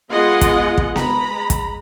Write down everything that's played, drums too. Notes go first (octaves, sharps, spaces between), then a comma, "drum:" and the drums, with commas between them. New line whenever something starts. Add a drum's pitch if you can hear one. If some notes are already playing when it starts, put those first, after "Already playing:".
G#3 B3 F4 G#4 D#5 F#5
drum: kick, hi-hat
drum: kick
G#3 A#5 B5, drum: snare B3
drum: kick, hi-hat